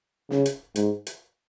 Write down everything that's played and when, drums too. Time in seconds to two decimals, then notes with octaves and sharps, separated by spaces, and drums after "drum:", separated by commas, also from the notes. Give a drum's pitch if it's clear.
0.31 C#3, drum: snare
0.46 drum: hi-hat
0.76 G#2, drum: hi-hat
1.07 drum: hi-hat